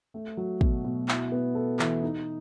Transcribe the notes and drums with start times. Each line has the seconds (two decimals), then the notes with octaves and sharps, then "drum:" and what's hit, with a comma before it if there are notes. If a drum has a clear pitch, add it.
0.14 A3
0.37 F#3
0.61 B2, drum: kick
0.84 B2
1.08 E4, drum: clap
1.32 B3
1.55 A4
1.79 E3, drum: clap
2.03 D#4